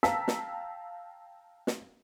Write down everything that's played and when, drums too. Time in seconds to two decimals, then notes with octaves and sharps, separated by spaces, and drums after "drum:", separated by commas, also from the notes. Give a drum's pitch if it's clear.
0.03 F5 G5 A5 A#5 E6 B6, drum: snare
0.28 drum: snare
1.67 drum: snare